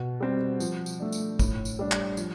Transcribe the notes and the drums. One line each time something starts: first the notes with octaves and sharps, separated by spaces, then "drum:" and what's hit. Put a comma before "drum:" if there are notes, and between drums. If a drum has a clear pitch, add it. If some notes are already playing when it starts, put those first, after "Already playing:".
Already playing: B2
G3 C4
F3, drum: tambourine
drum: tambourine
A3 D4
drum: tambourine
A2, drum: kick, tambourine
drum: tambourine
G3 D4
drum: clap
F3, drum: tambourine